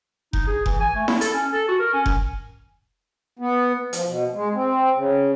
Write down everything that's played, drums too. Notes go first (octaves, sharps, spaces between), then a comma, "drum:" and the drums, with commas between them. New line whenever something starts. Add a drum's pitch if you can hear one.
D#4, drum: kick F1
G#4
E3, drum: kick F1
G#5
A3
E4, drum: snare E4
A4, drum: hi-hat
C#4
A4
F#4
A#4
C#4
drum: kick F1
B3
F3, drum: hi-hat
B2
G#3
C4
C#3